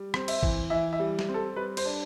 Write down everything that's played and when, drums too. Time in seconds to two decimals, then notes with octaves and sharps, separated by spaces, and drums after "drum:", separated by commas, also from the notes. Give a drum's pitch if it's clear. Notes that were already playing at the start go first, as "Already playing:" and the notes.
Already playing: G3
0.14 C4, drum: rim click
0.28 E5, drum: cymbal
0.43 E3, drum: kick
0.70 E3 E5
0.93 E5
0.99 G3
1.19 drum: snare
1.28 C4
1.34 A4
1.56 G3 B4
1.77 C5, drum: cymbal
1.85 D4